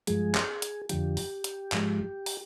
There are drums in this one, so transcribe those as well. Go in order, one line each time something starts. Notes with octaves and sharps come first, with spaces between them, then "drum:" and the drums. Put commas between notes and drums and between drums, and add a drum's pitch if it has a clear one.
G2 F3 G#3 G#4, drum: hi-hat
drum: clap
drum: hi-hat
F2 D3 F3 G4, drum: hi-hat
drum: open hi-hat
drum: hi-hat
G#2 F3 G#3, drum: clap
drum: open hi-hat